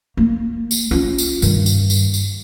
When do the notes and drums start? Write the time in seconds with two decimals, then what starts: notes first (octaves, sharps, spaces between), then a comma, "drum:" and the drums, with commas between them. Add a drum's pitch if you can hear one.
0.17 A#3
0.71 drum: tambourine
0.91 C#4 F4
1.18 drum: tambourine
1.42 G2 D#3, drum: tambourine
1.66 drum: tambourine
1.90 drum: tambourine
2.14 drum: tambourine